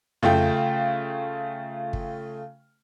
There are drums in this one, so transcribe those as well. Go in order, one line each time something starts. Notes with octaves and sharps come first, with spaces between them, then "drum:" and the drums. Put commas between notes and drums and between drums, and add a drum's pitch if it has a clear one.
C#3 A3 F4 G5, drum: tom
drum: kick